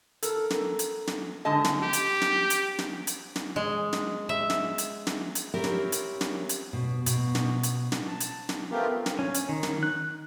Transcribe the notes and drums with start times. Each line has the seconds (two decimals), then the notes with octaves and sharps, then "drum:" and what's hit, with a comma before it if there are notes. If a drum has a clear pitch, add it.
0.22 A4 A#4, drum: hi-hat
0.50 drum: snare
0.79 drum: hi-hat
1.07 drum: snare
1.45 G#2 D3 G#3 D#5 A5
1.64 drum: snare
1.83 G4
1.93 drum: hi-hat
2.22 drum: snare
2.50 drum: hi-hat
2.79 drum: snare
3.07 drum: hi-hat
3.36 drum: snare
3.56 G#3
3.93 drum: snare
4.29 E5
4.50 drum: snare
4.78 drum: hi-hat
5.07 drum: snare
5.35 drum: hi-hat
5.54 C4 E4 G4 A#4 C#5
5.64 drum: snare
5.92 drum: hi-hat
6.21 drum: snare
6.49 drum: hi-hat
6.73 B2
7.06 B2, drum: hi-hat
7.35 drum: snare
7.63 drum: hi-hat
7.92 drum: snare
8.07 A5
8.20 drum: hi-hat
8.49 drum: snare
8.71 A3 B3 C4 F4 G4 A#4
9.06 drum: snare
9.19 C#4
9.34 drum: hi-hat
9.49 D#3
9.63 drum: snare
9.83 F#6